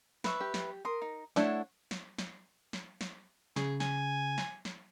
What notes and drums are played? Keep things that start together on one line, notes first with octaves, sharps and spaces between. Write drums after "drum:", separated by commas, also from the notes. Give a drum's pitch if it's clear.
B4 E5 C#6, drum: snare
G4
drum: snare
A#4 C6 D#6
D#4
A3 D4 E4 C#5 F#5, drum: snare
drum: snare
drum: snare
drum: snare
drum: snare
C#3 G#4, drum: snare
G#5, drum: snare
drum: snare
drum: snare